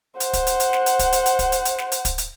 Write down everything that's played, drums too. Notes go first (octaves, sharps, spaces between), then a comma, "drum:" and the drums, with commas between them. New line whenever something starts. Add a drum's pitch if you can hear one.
C5 F#5, drum: hi-hat
drum: kick, hi-hat
drum: hi-hat
drum: hi-hat
drum: snare
drum: hi-hat
drum: kick, hi-hat
drum: hi-hat
drum: hi-hat
drum: kick, hi-hat
drum: hi-hat
drum: hi-hat
drum: snare
drum: hi-hat
drum: kick, hi-hat
drum: hi-hat